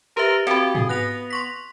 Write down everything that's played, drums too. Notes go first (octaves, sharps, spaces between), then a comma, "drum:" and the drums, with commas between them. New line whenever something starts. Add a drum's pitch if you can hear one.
G4 A#4 B4 E5
C4 F#4 G4, drum: snare
G#4, drum: tom G#2
B3 F#6 A#6 F7
C6 C#6 B6